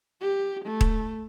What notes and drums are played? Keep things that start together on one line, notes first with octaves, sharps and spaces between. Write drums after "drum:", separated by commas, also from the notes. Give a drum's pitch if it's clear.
G4
A3
drum: kick D#1